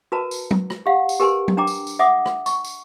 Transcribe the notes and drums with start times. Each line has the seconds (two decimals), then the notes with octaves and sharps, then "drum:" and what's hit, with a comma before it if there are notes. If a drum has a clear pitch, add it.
0.12 F#4 A#4 B4 A5 A#5
0.31 drum: tambourine
0.51 drum: tom F#3
0.70 drum: rim click
0.86 G4 F5 F#5
1.09 drum: tambourine
1.20 G4 A#4 B4 G#5 C6
1.48 drum: tom F#3
1.57 D4 G5 A#5 D6
1.67 drum: tambourine
1.87 drum: tambourine
1.99 E5 F#5 D6 D#6
2.26 drum: rim click
2.46 C#6, drum: tambourine
2.64 drum: tambourine